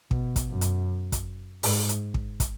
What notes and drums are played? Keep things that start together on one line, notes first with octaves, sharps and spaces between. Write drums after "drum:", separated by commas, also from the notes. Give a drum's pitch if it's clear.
B2, drum: kick
drum: kick, hi-hat
F#2
drum: hi-hat
drum: kick, hi-hat
G#2, drum: open hi-hat
drum: hi-hat
drum: kick
drum: kick, hi-hat